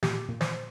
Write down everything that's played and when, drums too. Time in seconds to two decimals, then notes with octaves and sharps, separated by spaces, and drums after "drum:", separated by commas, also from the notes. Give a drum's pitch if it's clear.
0.03 A#2 G4, drum: snare
0.29 A#2
0.41 C5, drum: snare